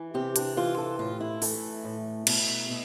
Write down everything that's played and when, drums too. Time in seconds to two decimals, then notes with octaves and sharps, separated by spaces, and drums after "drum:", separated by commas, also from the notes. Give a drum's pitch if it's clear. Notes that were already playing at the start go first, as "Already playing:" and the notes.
Already playing: E3
0.14 C3 G4
0.36 D4, drum: hi-hat
0.57 E3 F4
0.78 A4
0.99 A2 F4
1.20 E4
1.42 E3 A3, drum: open hi-hat
1.84 A2
2.27 B2, drum: cymbal
2.69 B2